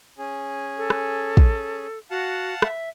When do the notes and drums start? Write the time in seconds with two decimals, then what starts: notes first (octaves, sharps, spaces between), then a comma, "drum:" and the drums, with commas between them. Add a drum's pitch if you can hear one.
0.18 C#4 G#4
0.77 A4
0.90 drum: rim click
1.37 drum: kick
2.11 F#4 F5 F#5 A5
2.62 E5, drum: rim click